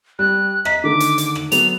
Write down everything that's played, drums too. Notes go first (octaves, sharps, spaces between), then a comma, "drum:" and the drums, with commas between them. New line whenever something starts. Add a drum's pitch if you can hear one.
G3 F#6
D#5 A#5 B6, drum: rim click
D3 D#3 A3 D6
drum: hi-hat
drum: hi-hat
drum: rim click
F#3 A3 B3 F7, drum: hi-hat